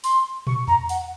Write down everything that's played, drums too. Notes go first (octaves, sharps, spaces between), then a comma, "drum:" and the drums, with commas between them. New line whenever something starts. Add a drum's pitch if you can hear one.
C6, drum: open hi-hat
C#6, drum: tom
A#5, drum: tom E2
F#5, drum: open hi-hat